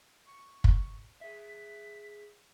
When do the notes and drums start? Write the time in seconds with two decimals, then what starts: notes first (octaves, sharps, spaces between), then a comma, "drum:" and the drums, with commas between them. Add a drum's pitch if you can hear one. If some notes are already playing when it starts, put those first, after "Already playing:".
0.26 C#6
0.64 drum: kick
1.21 G#4 E5 B6